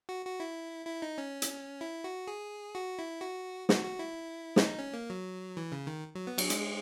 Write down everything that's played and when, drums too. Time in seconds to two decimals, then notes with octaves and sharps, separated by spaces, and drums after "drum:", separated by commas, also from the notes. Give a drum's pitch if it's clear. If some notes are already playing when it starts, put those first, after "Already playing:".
0.09 F#4
0.25 F#4
0.40 E4
0.87 E4
1.02 D#4
1.18 C#4
1.42 drum: hi-hat
1.81 E4
2.04 F#4
2.27 G#4
2.75 F#4
2.99 E4
3.21 F#4
3.69 F#4, drum: snare
3.85 F#4
3.99 E4
4.56 C#4, drum: snare
4.62 D#4
4.78 C#4
4.94 A#3
5.10 F#3
5.57 E3
5.72 C#3
5.87 D#3
6.15 F#3
6.27 B3
6.38 F#3, drum: cymbal
6.50 G#3, drum: hi-hat